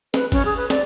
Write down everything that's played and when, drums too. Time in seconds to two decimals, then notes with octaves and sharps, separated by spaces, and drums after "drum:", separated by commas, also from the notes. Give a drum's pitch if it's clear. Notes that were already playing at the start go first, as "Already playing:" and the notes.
0.14 B4, drum: snare
0.32 C#4, drum: kick G1, cymbal
0.45 G#4
0.57 B4
0.70 D5, drum: snare